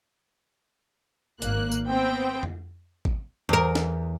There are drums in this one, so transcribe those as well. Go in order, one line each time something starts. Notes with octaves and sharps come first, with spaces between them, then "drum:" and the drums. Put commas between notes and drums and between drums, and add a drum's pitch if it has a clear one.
G#1 A#3 F#6, drum: hi-hat
drum: tambourine
B3 C4 G5
drum: tom F2
drum: kick
E2 A#4
drum: snare